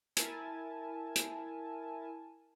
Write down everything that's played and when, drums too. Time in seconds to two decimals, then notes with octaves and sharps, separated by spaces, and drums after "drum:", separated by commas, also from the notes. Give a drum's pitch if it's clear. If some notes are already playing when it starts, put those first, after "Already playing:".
0.17 E4 A#4 G#5 A5, drum: hi-hat
1.16 drum: hi-hat